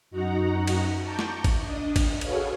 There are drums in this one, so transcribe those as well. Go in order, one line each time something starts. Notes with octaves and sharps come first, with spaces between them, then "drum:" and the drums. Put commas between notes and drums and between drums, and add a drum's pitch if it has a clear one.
F#2 D#4 F#4 F#5 A#5
drum: cymbal
A5 A#5 C#6 D6 G6
drum: snare
drum: kick, cymbal
D4 D#5
drum: kick, cymbal
F#4 G#4 A4 B4 C#5 F5, drum: cymbal